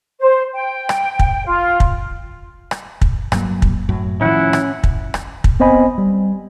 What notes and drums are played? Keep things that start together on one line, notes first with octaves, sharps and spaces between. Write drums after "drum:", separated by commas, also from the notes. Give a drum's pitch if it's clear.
C5
G5
drum: rim click
drum: kick
F4
drum: kick
drum: rim click
drum: kick
G2 F#3 A#3, drum: rim click
drum: kick
F#2 A2 F#3
A2 D#3 F3 C#4 E4 F#5
drum: rim click
drum: kick
drum: rim click
drum: kick
B3 C4 C5 D#5 G#5 B5
G3